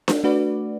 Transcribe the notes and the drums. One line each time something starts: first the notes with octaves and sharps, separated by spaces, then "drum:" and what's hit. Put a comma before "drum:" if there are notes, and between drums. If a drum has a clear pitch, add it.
drum: snare D4
A3 D4 F#4 B4 D5